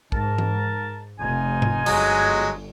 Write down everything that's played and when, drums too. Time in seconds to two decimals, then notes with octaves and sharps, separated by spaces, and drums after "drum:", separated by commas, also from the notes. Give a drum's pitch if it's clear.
0.12 G#2 A#4 A5, drum: kick
0.38 drum: tom E3
1.19 F1 D#4 F4 G#5
1.62 drum: tom G#2
1.86 G1 F#3 G#3 D#5, drum: cymbal